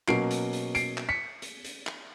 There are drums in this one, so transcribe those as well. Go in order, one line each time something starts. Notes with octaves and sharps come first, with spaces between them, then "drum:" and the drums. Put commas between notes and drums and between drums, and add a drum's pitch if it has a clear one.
B2 F#3 A#3 C#4 C7 D7, drum: clap
drum: hi-hat
drum: hi-hat
C7 D7, drum: hi-hat
drum: clap
B6 C#7
drum: hi-hat
drum: hi-hat
drum: clap